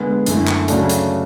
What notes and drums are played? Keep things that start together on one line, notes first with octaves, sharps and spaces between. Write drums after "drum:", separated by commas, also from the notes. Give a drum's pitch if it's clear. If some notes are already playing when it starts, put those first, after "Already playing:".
Already playing: D3 G#3 B3
F#2 D3 A3 E4, drum: hi-hat
drum: clap
C#3 F#3 A3 D4 A4, drum: hi-hat
drum: hi-hat